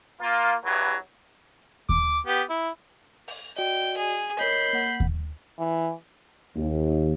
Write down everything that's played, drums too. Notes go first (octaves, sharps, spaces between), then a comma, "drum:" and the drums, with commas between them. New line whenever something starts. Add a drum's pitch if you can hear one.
A#3 F4
E2 G2 B2 E3 F#3
D6, drum: kick D#2
B3 G4
E4
drum: open hi-hat
F#4 D5 D#5 G5
G#4
A#4 C#5 D#5 B5 G6 C7
A#3 F#5
drum: kick D#2
E3
D#2